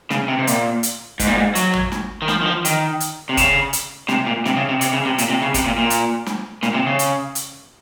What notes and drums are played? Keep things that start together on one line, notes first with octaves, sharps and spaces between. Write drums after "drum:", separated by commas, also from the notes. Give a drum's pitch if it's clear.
C#3, drum: snare
C3
C3
A#2, drum: hi-hat
drum: hi-hat
G#2, drum: kick, hi-hat
A#2
G#2
F#3, drum: hi-hat
drum: tom
drum: snare
D#3
F3, drum: snare
D#3
F3
D#3, drum: hi-hat
drum: hi-hat
C3
C#3, drum: kick, hi-hat
drum: hi-hat
C3, drum: snare
A#2
C3, drum: snare
C#3
C3
C3, drum: hi-hat
C#3
C3
A#2, drum: hi-hat
C3
C#3
C3, drum: kick, hi-hat
A#2
A#2
drum: hi-hat
drum: snare
A#2, drum: snare
C3
C#3
drum: hi-hat
drum: hi-hat